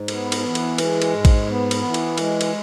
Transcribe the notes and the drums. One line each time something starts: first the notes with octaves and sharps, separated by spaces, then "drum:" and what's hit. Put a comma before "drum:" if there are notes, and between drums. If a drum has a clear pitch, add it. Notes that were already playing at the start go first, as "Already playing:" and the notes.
Already playing: G#2
B3, drum: cymbal
drum: cymbal
E3
drum: cymbal
G#3, drum: cymbal
drum: cymbal
G#2
drum: kick A1, cymbal
B3
drum: cymbal
E3
drum: cymbal
G#3, drum: cymbal
drum: cymbal